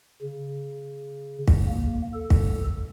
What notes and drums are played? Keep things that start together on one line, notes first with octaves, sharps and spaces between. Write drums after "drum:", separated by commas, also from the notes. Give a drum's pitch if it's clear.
C#3
drum: kick
A#3
A4
drum: kick